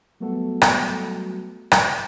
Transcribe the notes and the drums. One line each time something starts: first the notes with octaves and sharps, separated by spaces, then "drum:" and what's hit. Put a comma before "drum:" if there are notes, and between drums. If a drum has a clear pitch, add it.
F#3 G3 A3 B3 F#4 A4
drum: rim click
drum: rim click